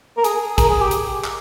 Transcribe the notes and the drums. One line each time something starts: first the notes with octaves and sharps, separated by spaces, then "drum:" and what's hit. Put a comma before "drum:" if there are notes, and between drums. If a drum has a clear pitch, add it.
A#4
G#4, drum: hi-hat
A#4, drum: kick, hi-hat
G#4
G4
drum: hi-hat
drum: clap